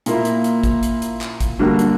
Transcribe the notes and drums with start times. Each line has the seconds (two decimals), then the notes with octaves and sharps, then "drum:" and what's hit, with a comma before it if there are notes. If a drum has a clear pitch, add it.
0.06 A#2 A#3 E4, drum: hi-hat
0.25 drum: hi-hat
0.44 drum: hi-hat
0.63 drum: kick, hi-hat
0.83 drum: hi-hat
1.02 drum: hi-hat
1.21 drum: clap
1.40 drum: kick, hi-hat
1.59 D3 G3 A#3 D4 F#4
1.79 drum: hi-hat